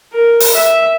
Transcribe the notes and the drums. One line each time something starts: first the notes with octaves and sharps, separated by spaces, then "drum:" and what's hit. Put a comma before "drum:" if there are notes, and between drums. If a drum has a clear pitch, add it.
A#4
drum: open hi-hat
E5